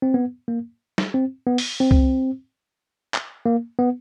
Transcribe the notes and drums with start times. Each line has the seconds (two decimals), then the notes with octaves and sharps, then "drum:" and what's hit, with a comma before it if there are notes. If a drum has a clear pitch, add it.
0.02 C4
0.14 B3
0.48 A#3
0.98 drum: snare
1.14 C4
1.47 B3
1.58 drum: open hi-hat
1.80 C4
1.91 drum: kick C2
3.14 drum: clap
3.46 A#3
3.79 B3